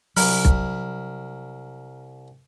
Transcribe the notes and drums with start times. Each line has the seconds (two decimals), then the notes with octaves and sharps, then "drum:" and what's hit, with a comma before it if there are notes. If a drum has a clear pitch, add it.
0.17 C2 F#3 A#5 B5 F6, drum: open hi-hat
0.45 drum: kick B1